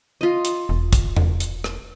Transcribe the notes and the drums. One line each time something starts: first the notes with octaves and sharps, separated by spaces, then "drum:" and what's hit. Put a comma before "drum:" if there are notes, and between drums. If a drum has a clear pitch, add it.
F4 D#5
drum: hi-hat
E1
drum: kick, hi-hat
drum: tom E2
drum: hi-hat
drum: rim click